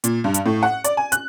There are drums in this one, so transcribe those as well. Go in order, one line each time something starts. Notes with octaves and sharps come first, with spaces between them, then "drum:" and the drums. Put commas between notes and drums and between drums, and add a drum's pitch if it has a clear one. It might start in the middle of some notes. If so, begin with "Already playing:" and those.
A#2, drum: hi-hat
G2
drum: hi-hat
A2
F#5
D5, drum: hi-hat
G#5
F#6, drum: hi-hat